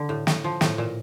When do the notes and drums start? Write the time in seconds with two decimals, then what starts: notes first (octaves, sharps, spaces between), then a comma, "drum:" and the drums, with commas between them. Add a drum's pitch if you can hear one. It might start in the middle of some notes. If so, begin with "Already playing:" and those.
Already playing: D3
0.09 A2
0.27 A2, drum: snare
0.44 F3
0.61 A2, drum: snare
0.78 A#2